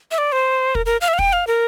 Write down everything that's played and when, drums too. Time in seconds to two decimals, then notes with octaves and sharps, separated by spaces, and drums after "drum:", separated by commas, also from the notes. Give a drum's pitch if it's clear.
0.11 E5
0.18 D5
0.32 C5
0.75 A#4, drum: kick
0.86 A#4
1.01 F5
1.08 E5
1.14 F5
1.19 G5, drum: kick
1.33 F5
1.47 A#4